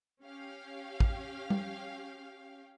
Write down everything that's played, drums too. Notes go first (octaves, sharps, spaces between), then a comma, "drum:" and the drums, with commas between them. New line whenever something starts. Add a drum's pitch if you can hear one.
C#4 G4 F5 G5
drum: kick
drum: tom G3